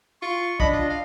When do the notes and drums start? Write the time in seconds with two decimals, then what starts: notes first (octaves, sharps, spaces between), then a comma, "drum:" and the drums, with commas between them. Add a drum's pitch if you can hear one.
0.22 F4 C#6
0.60 D4 D#5 B5, drum: kick
0.73 F4
0.90 F5